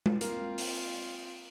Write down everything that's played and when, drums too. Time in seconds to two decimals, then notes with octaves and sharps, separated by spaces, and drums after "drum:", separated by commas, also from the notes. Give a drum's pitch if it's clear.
0.06 drum: tom G#3
0.21 A#3 C4 F4, drum: hi-hat
0.58 drum: open hi-hat